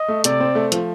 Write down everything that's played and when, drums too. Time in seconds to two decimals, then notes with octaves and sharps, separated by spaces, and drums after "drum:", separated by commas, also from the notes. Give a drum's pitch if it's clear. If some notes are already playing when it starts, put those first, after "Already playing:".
Already playing: D#5
0.08 A3
0.24 C3 D5, drum: hi-hat
0.40 C4
0.55 A3
0.72 F3, drum: hi-hat